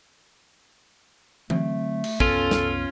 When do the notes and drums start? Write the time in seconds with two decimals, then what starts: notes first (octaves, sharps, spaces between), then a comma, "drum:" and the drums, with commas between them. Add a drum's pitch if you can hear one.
1.50 D3 F#3 A3 C4, drum: tom E3
2.04 drum: cymbal
2.20 C2 F#2 B3 C#4 F4 A4, drum: kick
2.51 drum: snare